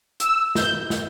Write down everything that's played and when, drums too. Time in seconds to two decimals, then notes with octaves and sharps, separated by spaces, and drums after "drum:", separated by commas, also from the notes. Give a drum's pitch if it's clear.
0.20 E6, drum: hi-hat
0.55 G6, drum: snare
0.90 drum: snare